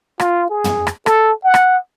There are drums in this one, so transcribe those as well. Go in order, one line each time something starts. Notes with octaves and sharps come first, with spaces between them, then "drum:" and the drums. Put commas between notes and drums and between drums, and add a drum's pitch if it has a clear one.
F4, drum: rim click
G#4
drum: tom
drum: rim click
A4, drum: rim click
F#5
drum: rim click